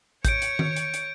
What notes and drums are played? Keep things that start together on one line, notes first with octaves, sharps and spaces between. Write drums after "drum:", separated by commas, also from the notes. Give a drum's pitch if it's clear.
C#5 G6 C#7 D7, drum: kick A1, hi-hat
drum: hi-hat
drum: tom D#3
drum: hi-hat
drum: hi-hat